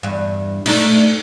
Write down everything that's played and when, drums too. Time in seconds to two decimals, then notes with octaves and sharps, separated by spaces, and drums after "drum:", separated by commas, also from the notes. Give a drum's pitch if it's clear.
0.03 E2 G2
0.66 A3 D4 D#4, drum: cymbal